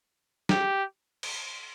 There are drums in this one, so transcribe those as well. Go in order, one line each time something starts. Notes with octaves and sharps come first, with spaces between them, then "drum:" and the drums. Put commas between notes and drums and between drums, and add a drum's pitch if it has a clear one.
G4, drum: snare
drum: cymbal